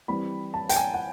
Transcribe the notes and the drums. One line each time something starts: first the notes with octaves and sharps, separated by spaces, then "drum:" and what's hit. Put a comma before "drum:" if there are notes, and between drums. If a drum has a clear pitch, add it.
E3 G3 C4 B5
A5
G5, drum: hi-hat
G#5
F#5